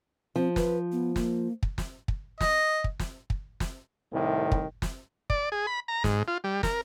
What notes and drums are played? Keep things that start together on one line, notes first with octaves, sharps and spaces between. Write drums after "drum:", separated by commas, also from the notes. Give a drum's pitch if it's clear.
F3 C4
B4, drum: snare
B3
A#3, drum: snare
drum: kick
drum: snare
drum: kick
D#5, drum: snare
drum: kick
drum: snare
drum: kick
drum: snare
C2 A2 C3 D#3
drum: kick
drum: snare
D5, drum: kick
G#4
B5
A#5
G#2, drum: snare
F4
G3
A#4, drum: snare